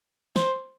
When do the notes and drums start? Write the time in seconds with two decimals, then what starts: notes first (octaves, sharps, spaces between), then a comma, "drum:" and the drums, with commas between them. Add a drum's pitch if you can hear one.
0.36 C5, drum: snare